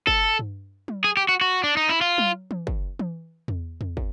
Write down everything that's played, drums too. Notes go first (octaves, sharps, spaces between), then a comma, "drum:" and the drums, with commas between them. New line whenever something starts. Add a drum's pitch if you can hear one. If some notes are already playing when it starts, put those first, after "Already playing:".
A4, drum: kick
drum: tom G2
drum: tom F#3
G#4
G4
F#4
F#4
D4
D#4
E4
F4
drum: tom F#3
drum: tom E3
drum: kick
drum: tom E3
drum: tom E2
drum: tom E2
drum: kick